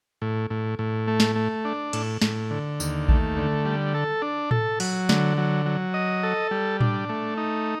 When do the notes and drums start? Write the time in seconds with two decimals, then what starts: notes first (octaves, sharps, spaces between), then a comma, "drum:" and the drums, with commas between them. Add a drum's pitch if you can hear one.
0.22 A2
0.50 A2
0.79 A2
1.08 A3
1.20 drum: snare
1.36 A3
1.65 D4
1.93 A2, drum: cymbal
2.22 A2, drum: snare
2.51 D3
2.80 D#2, drum: tambourine
3.09 A3, drum: kick A1
3.37 D3
3.65 G3
3.94 A4
4.22 D4
4.51 A4, drum: tom A2
4.80 F#3, drum: open hi-hat
5.09 D3, drum: snare
5.38 F#3
5.66 F#3
5.94 D#5
6.23 A4
6.51 G3
6.81 D4, drum: tom A2
7.09 A3
7.37 D#4